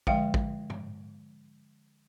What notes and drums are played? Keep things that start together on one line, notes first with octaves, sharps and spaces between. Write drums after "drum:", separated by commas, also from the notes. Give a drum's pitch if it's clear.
D3 F3 G#3 F5 G5, drum: kick
drum: kick
drum: tom G2